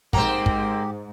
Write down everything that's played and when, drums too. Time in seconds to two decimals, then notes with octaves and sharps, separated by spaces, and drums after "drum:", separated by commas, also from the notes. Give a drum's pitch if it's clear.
0.13 G#2 A#3 C4 G4 F#5 A#5, drum: kick
0.46 drum: kick